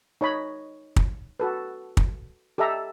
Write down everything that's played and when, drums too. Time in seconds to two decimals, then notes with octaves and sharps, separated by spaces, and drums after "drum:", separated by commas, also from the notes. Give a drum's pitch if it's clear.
0.21 D#4 C#5 D#5 B5
0.96 drum: kick
1.40 F#4 A4 B4
1.97 drum: kick
2.58 G4 A4 D#5 E5 A#5